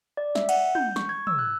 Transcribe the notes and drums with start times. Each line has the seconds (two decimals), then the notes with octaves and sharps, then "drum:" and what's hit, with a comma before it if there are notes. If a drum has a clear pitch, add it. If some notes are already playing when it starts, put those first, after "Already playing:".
0.17 D5
0.35 E5, drum: snare
0.49 F#5, drum: cymbal
0.75 G6, drum: tom
0.96 C#6, drum: snare
1.09 G#6
1.27 E6, drum: tom
1.39 F#6